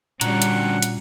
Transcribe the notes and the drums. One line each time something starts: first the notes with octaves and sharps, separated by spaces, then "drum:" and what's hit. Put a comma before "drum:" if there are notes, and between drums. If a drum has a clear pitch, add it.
A#2 D3 G3 C#4 F#4 F#5 A#5, drum: hi-hat
drum: hi-hat
drum: hi-hat